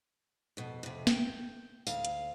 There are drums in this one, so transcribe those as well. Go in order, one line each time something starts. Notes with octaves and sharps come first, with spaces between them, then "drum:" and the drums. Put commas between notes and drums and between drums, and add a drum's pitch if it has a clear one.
F2 B2
F2 C3
G5, drum: snare
D2 F5, drum: tambourine
drum: hi-hat